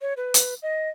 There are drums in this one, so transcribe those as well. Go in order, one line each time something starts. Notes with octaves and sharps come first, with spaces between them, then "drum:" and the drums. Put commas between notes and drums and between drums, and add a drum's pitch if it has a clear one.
C#5
B4
drum: hi-hat
D#5